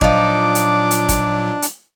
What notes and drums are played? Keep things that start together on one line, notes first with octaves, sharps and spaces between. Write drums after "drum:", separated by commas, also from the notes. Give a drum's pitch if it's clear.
A#2 F3 F#3 D4 D#4 D6, drum: kick
drum: hi-hat
drum: hi-hat
drum: kick, hi-hat
drum: hi-hat